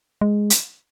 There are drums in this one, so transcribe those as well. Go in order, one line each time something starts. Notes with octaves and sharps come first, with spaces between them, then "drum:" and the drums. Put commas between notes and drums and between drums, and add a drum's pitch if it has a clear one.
G#3
drum: hi-hat